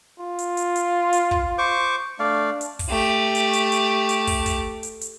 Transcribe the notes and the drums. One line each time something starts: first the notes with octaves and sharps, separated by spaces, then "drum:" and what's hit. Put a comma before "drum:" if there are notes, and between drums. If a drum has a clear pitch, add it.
F4
drum: hi-hat
drum: hi-hat
drum: hi-hat
drum: hi-hat
drum: kick
C5 C#6 D6
A3 D4 D5 F5
drum: hi-hat
drum: kick, open hi-hat
A3 G4
drum: hi-hat
drum: hi-hat
drum: hi-hat
drum: hi-hat
drum: kick, open hi-hat
drum: kick, hi-hat
drum: hi-hat
drum: hi-hat